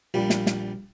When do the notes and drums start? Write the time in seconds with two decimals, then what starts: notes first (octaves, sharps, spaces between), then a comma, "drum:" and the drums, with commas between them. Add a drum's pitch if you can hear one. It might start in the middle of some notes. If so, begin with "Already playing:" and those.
0.14 A#1 A#2 G3
0.30 drum: snare
0.46 drum: snare